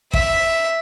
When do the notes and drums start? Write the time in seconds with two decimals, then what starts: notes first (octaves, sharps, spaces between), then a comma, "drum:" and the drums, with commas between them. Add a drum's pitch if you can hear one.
0.13 E5, drum: kick